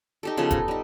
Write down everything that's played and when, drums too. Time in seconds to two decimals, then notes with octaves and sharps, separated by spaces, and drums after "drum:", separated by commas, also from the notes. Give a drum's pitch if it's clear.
0.23 D#4 G4 A4
0.37 C#3 F3 B3 A4
0.51 D#4, drum: kick E1, hi-hat
0.68 G3 D#4